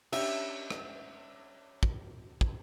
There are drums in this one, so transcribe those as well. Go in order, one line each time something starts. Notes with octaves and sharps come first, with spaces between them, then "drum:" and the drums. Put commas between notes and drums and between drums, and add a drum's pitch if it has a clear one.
C#4 D4 G4 E5, drum: cymbal
drum: rim click
drum: kick
drum: kick